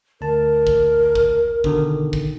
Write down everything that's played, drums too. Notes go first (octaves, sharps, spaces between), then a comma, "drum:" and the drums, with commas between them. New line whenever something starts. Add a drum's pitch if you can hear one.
D2 A#4 A5
drum: kick
drum: kick
B2 D3 D#3, drum: kick
drum: kick